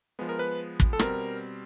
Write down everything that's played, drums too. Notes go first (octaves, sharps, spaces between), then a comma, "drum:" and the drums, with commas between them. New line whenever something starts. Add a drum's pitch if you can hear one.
F3 G#3 B3
A#4
B4
drum: kick
A4
B2 G3 C4 A#4, drum: rim click